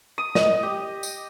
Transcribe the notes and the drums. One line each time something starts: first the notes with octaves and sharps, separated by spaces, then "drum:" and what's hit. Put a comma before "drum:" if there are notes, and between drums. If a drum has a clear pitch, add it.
D#6
D#5, drum: snare
G4
drum: tambourine